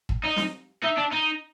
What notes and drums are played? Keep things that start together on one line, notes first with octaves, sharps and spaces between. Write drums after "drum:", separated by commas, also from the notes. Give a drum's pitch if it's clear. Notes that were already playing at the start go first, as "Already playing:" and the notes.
drum: kick
D#4 D#5
drum: snare
D#4 E5
D4
D#4